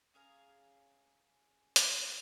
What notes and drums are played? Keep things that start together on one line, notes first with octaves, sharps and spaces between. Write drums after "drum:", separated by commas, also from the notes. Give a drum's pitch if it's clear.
C#4 G#4 F5 A#5
drum: hi-hat